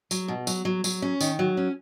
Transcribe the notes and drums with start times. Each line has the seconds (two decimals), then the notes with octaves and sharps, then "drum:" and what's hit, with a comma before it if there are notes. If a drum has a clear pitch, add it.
0.11 F#3, drum: tambourine
0.28 B2
0.47 F#3, drum: tambourine
0.65 F#3
0.84 F#3, drum: tambourine
1.02 C#4
1.20 D#3, drum: tambourine
1.39 F#3
1.57 C#4